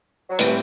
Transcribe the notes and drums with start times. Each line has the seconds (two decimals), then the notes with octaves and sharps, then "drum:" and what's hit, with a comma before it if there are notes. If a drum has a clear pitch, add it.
0.29 F#3
0.39 A2 E3 G3 C4 G4, drum: hi-hat